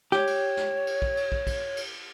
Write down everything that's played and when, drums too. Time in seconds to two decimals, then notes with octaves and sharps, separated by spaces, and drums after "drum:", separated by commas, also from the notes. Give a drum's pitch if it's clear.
0.12 G4 C#5, drum: snare
0.27 drum: cymbal
0.57 drum: snare
0.87 drum: cymbal
1.02 drum: kick
1.17 drum: cymbal
1.32 drum: kick
1.47 drum: kick, cymbal
1.77 drum: cymbal